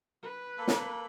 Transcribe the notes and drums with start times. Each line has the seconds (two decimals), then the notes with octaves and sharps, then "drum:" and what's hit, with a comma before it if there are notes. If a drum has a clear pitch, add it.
0.23 B4
0.58 A#3 A4 B5
0.68 drum: snare